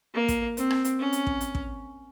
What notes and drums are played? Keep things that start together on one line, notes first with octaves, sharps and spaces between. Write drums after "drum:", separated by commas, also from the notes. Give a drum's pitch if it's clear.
A#3
drum: kick, hi-hat
C4, drum: hi-hat
drum: rim click
drum: hi-hat
C#4
drum: hi-hat
drum: kick
drum: hi-hat
drum: kick